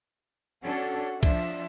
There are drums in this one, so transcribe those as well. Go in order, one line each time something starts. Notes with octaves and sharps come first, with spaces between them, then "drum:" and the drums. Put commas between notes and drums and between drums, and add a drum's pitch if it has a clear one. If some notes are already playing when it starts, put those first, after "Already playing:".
C#4 D4 F#4 A4
F3 D4 E5, drum: kick C2, cymbal